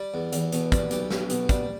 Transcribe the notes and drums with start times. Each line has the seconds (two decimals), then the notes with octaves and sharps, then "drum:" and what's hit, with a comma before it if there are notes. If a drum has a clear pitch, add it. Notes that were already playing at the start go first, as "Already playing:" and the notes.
Already playing: G3 G4
0.14 E2
0.32 E2, drum: hi-hat
0.52 B2, drum: hi-hat
0.72 G3, drum: kick, hi-hat
0.91 B1 G4, drum: hi-hat
1.11 B1, drum: snare
1.30 B2, drum: hi-hat
1.49 G3, drum: kick, hi-hat